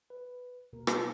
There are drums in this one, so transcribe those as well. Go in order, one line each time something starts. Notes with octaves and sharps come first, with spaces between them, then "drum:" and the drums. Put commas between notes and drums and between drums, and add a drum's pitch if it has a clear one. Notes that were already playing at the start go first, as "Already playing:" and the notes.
B4
B2 A#3 A#4
A#3 D#4 G#4 A5, drum: rim click